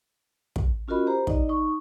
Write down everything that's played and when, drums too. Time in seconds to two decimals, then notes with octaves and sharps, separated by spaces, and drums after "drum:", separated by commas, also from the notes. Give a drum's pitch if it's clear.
0.56 drum: kick
0.88 C#4 F4 F#4 A#4 D#5 B5
1.07 G4 C5 A#5
1.27 D#4 D5 D#5, drum: kick
1.49 D#4 C#6